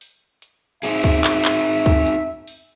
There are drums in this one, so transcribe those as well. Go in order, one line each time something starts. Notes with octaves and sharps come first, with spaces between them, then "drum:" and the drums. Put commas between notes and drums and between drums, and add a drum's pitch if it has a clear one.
drum: open hi-hat
drum: hi-hat
C4 D#4 G#4 E5, drum: open hi-hat
drum: kick
drum: clap
drum: clap
drum: hi-hat
drum: kick
drum: hi-hat
drum: open hi-hat